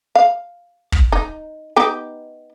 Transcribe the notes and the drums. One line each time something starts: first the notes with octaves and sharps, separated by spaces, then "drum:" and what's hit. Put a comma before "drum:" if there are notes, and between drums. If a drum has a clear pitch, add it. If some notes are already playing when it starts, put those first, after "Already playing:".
F5
drum: kick
D#4
B3 D#4 G4